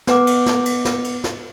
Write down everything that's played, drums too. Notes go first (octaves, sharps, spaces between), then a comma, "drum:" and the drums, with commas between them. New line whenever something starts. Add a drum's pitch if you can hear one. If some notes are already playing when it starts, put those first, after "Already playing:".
B3 B4 F#5 D6, drum: snare
drum: cymbal
drum: snare
drum: cymbal
drum: snare
drum: cymbal
drum: snare